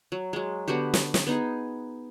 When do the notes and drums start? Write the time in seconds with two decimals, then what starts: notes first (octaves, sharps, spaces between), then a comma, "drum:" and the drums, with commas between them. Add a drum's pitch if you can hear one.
0.12 F#3
0.33 F#3 G#3
0.68 D3 B3 F#4 G4
0.94 drum: snare
1.14 drum: snare
1.27 B3 D#4 G#4